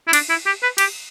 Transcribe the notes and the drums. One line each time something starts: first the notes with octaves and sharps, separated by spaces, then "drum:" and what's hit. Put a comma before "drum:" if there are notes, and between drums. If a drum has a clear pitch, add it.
E4
D4, drum: cymbal
E4
G4
B4
G4, drum: cymbal